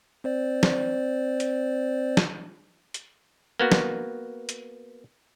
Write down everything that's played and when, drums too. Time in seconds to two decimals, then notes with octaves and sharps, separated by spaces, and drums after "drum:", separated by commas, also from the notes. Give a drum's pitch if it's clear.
0.24 C4 C5 D5
0.63 drum: snare
1.40 drum: hi-hat
2.17 drum: snare
2.94 drum: hi-hat
3.60 A#3 B3 F#4
3.72 drum: snare
4.49 drum: hi-hat